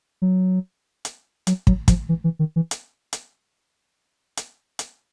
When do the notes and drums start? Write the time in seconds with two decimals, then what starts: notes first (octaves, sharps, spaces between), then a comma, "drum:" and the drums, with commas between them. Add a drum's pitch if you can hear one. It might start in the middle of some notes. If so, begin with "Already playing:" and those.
0.22 F#3
1.05 drum: hi-hat
1.47 F#3, drum: hi-hat
1.67 F#3, drum: kick
1.88 F3, drum: kick, hi-hat
2.09 E3
2.24 E3
2.39 D#3
2.56 E3
2.71 drum: hi-hat
3.13 drum: hi-hat
4.37 drum: hi-hat
4.79 drum: hi-hat